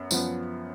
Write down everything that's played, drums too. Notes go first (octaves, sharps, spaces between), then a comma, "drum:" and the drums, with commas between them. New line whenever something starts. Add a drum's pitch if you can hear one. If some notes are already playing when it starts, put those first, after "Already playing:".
Already playing: F#2 B3
F#2 F3 B3, drum: tambourine